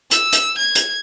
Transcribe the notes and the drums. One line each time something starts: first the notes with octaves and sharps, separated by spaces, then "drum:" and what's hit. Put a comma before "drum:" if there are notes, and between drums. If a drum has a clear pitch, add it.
E6, drum: hi-hat
drum: hi-hat
G#6
drum: hi-hat